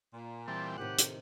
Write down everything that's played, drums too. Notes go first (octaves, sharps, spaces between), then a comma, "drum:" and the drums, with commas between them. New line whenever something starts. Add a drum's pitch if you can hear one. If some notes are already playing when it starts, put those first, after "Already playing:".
A#2
E3 G3 C4 A5
A2 C3 D#3 G4 F#5
drum: hi-hat